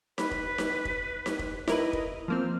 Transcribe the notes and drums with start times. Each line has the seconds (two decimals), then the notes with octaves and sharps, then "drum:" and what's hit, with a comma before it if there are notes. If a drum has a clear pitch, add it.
0.18 B4 B5, drum: snare D#4
0.31 drum: kick
0.58 drum: snare D#4
0.85 drum: kick
1.26 drum: snare D#4
1.39 drum: kick
1.68 E4 A#4 B4 D#5, drum: snare D#4
1.93 drum: kick
2.28 F3 A#3 C4 F6